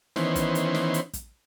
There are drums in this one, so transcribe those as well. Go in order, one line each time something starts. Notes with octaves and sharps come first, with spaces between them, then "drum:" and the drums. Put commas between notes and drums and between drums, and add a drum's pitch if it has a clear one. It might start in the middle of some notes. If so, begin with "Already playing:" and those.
D#3 E3 B3 C#4 C5, drum: snare
drum: kick, hi-hat
drum: hi-hat
drum: snare
drum: hi-hat
drum: kick, hi-hat